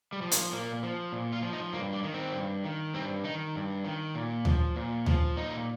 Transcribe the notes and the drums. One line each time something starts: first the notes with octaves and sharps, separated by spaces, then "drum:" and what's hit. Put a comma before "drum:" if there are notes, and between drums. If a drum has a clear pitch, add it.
G3
F3
A#3, drum: hi-hat
A#2 A#3
F3
A#2
F4
F3
D#4
G2 A#3
G3
D#3
C4
G2
D#3
G2 C4
D#3 D#4
G2
D#3
A#2
F3, drum: tom D2
A#2
F3, drum: tom D2
A#2 D#4